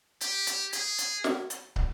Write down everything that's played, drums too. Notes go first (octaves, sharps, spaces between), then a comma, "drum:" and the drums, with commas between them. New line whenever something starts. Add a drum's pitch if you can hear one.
G4, drum: hi-hat
drum: hi-hat
G#4, drum: hi-hat
drum: hi-hat
drum: snare
drum: hi-hat
drum: kick